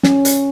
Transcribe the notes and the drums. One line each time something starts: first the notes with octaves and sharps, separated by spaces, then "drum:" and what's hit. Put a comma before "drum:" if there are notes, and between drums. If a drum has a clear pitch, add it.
C#4, drum: snare
drum: hi-hat